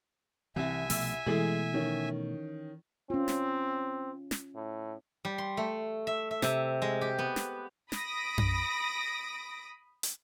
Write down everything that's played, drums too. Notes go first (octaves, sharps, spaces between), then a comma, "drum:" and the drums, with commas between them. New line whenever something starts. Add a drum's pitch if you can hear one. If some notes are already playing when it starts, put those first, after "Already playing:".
C2 E3 C4 E5 G#5
B2 F3 A3 E6, drum: open hi-hat
B2 E3 G#3 A3 E4 G#4 A4
D#3 C#4
C4 C#4 F4
drum: snare
drum: snare
A2
G3
C6
A3
E5
E5
C3, drum: snare
G#3
G4
B3
drum: snare
B5 D#6 A#6 D7, drum: snare
drum: tom F#2
drum: hi-hat